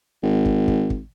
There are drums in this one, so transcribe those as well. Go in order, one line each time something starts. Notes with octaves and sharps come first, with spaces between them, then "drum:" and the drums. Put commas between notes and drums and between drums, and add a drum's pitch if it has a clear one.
G#1
drum: kick
drum: kick
drum: kick